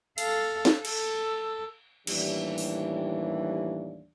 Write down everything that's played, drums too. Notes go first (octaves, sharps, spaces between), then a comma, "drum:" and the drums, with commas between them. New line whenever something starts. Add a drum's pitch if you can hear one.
A4 F5, drum: cymbal
drum: snare
A4, drum: cymbal
D#2 A2 E3 G3 D4 G4, drum: cymbal
drum: open hi-hat